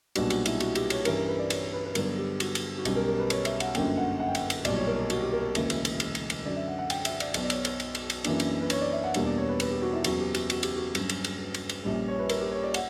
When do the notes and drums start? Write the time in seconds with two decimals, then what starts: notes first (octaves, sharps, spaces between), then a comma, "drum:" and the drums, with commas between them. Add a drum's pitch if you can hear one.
0.15 B1 A#2 G3 B3 D4 F#4, drum: cymbal
0.30 F#4, drum: cymbal
0.46 E4, drum: cymbal
0.60 F#4, drum: cymbal
0.75 G4, drum: cymbal
0.90 C#5, drum: cymbal
1.05 G2 E3 G3 C#4 A#4, drum: cymbal
1.16 A#4
1.28 B4
1.39 D5
1.50 C#5, drum: cymbal
1.73 B4
1.85 B4
1.95 G2 D3 F#3 B3 D4 A#4, drum: cymbal
2.18 G4
2.40 F#4, drum: cymbal
2.55 drum: cymbal
2.78 F#4
2.85 B1 B2 G3 C#4 G4, drum: cymbal
2.96 A#4
3.08 A#4
3.19 B4
3.30 C#5, drum: cymbal
3.45 E5, drum: cymbal
3.60 F#5, drum: cymbal
3.75 G1 F#2 D3 A#3 G5, drum: cymbal
3.97 F#5
4.20 F#5
4.28 G5
4.35 F#5, drum: cymbal
4.50 drum: cymbal
4.65 B1 A#2 G3 D5, drum: cymbal
4.76 C#5
4.87 A#4
4.99 G4
5.10 F#4, drum: cymbal
5.21 G4
5.32 A#4
5.55 E1 D2 C#3 E3 A#3, drum: cymbal
5.70 drum: cymbal
5.85 drum: cymbal
6.00 drum: cymbal
6.15 drum: cymbal
6.30 drum: cymbal
6.45 F#2 D3 F#3 D5
6.56 E5
6.67 F#5
6.78 F#5
6.90 G5, drum: cymbal
7.05 E5, drum: cymbal
7.20 D5, drum: cymbal
7.34 B1 B2 F#3, drum: cymbal
7.43 D5
7.50 C#5, drum: cymbal
7.65 drum: cymbal
7.80 drum: cymbal
7.95 drum: cymbal
8.10 drum: cymbal
8.24 F#2 E3 A#3 D4, drum: cymbal
8.40 drum: cymbal
8.61 B4
8.70 C#5, drum: cymbal
8.81 D5
8.92 E5
9.04 F#5
9.14 E2 B2 G3 A#3 D4, drum: cymbal
9.26 D5
9.38 C#5
9.49 B4
9.60 B4, drum: cymbal
9.71 G4
9.82 F#4
9.93 E4
10.04 F#1 E2 C#3 F#3 F#4, drum: cymbal
10.19 G4
10.35 F#4, drum: cymbal
10.50 F#4, drum: cymbal
10.63 G4, drum: cymbal
10.76 F#4
10.95 G2 F#3 C#4, drum: cymbal
11.09 drum: cymbal
11.24 drum: cymbal
11.54 drum: cymbal
11.69 drum: cymbal
11.84 A#1 A#2 G3 C#4
12.08 C#5
12.19 B4
12.29 A#4, drum: cymbal
12.40 G4
12.52 C#5
12.63 D5
12.74 F#5, drum: cymbal